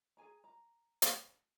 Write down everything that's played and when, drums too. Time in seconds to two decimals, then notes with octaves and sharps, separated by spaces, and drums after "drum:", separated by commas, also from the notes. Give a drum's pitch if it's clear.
0.17 G#4 A4 G#5 A#5
0.44 A#5
1.02 drum: hi-hat